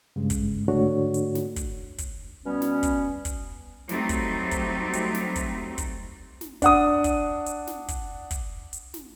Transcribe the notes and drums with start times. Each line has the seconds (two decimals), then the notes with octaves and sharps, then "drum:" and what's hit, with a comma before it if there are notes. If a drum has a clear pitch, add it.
0.16 G2 C#3 G#3
0.30 drum: kick, hi-hat
0.68 G#2 D3 A3 D4 F#4 C#5
1.14 drum: hi-hat
1.35 drum: snare
1.56 drum: kick, hi-hat
1.98 drum: kick, hi-hat
2.46 B2 G3 B3 C#4
2.62 drum: snare
2.83 drum: kick, hi-hat
3.25 drum: kick, hi-hat
3.89 F#3 G3 A3 C4 D#4, drum: snare
4.09 drum: kick, hi-hat
4.51 drum: kick, hi-hat
4.93 drum: hi-hat
5.14 drum: snare
5.36 drum: kick, hi-hat
5.78 drum: kick, hi-hat
6.41 drum: snare
6.62 D4 F#5 D#6, drum: kick, hi-hat
7.04 drum: kick, hi-hat
7.46 drum: hi-hat
7.67 drum: snare
7.88 drum: kick, hi-hat
8.31 drum: kick, hi-hat
8.73 drum: hi-hat
8.94 drum: snare